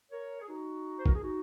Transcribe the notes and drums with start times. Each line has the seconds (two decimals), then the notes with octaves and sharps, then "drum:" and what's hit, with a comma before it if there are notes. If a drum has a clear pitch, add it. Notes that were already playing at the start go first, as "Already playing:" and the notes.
0.11 A#4 C#5
0.41 G#4
0.48 D#4 F#4
0.98 C5
1.06 A#4, drum: kick
1.14 G#4
1.22 D#4 F#4